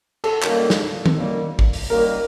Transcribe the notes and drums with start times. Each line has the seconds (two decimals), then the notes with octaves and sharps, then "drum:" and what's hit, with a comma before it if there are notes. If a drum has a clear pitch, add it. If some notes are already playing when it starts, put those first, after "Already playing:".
0.24 A4, drum: cymbal
0.43 F#2 D#3 G3 A#3, drum: clap
0.70 drum: snare
1.06 drum: tom D#3
1.16 F#2 D#3 G3 A#3
1.59 drum: kick G#1
1.73 drum: open hi-hat
1.90 F#2 D#3 G3 A#3 A#4